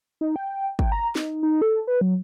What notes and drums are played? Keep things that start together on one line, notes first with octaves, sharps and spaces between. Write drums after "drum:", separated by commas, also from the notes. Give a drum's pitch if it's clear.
D#4
G5
G5, drum: kick
A#5
D#4, drum: snare
D#4
A4
B4
F#3